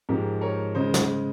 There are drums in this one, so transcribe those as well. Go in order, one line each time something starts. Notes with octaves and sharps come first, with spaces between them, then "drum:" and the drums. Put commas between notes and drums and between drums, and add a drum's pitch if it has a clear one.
G#2 F3 G#3 G4 A#4
A#4 C#5
C#3 G#3 C5 D#5
drum: snare